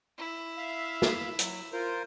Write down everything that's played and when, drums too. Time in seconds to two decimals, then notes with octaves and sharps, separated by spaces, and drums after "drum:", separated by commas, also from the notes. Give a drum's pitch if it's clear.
0.18 E4
0.57 E5 F5
1.02 drum: snare
1.39 F#3, drum: hi-hat
1.73 F4 A#4 C5